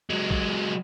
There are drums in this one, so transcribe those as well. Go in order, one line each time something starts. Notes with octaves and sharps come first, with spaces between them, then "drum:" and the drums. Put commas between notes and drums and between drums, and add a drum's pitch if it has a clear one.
F#3 G#3
drum: kick